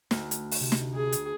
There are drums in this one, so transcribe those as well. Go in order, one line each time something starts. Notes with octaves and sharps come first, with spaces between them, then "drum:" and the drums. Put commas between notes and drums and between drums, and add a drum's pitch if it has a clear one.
D2, drum: snare
drum: hi-hat
drum: open hi-hat
C3
drum: snare
G#4
drum: hi-hat